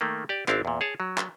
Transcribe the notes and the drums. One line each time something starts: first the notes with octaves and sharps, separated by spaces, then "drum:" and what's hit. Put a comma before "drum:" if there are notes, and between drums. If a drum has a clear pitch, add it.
D#3 A3 A#3
G4 D5
G#1 C4 D4 E4 F5, drum: clap
E2 A#2
G#4 C#5 A5
F#3
drum: clap